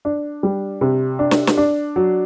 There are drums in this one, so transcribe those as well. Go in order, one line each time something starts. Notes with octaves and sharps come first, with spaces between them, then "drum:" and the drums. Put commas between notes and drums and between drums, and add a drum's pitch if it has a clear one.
D4
G3
C3
D4
drum: snare
drum: snare
D4
F#3